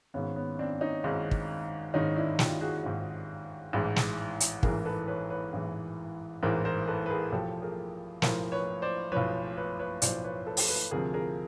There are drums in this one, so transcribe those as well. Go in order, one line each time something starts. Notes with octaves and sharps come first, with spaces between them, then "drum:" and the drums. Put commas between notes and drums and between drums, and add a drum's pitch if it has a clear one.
G#1 G#2 D#3 B3 C#4
B3 C#4
C4 D4
C#4 D#4
G#1 G#2 D#3
drum: kick
G#1 G#2 D#3 C#4 D#4
D4 E4
F4 G4, drum: snare
F#4 G#4
G#1 G#2 D#3
A1 G#2 E3
drum: snare
drum: hi-hat
A1 G#2 E3 G#4 A#4, drum: kick
A4 B4
B4 C#5
B4 C#5
A1 G#2 E3
A1 G#2 E3 A#4 C5
A#4 C5
A4 B4
B4
G#4 A#4
B1 A2 F3 G4 A4
G#4 A#4
B1 A2 F3 A#4 C5, drum: snare
B4 C#5
C5 D5
B1 A2 F3 B4 C#5
B4 C#5
B4 C#5
B1 A2 F3 C5 D5, drum: hi-hat
B4 C#5
A4 B4
drum: open hi-hat
A4 B4
D2 C3 F3 G#4 A#4
G#4 A#4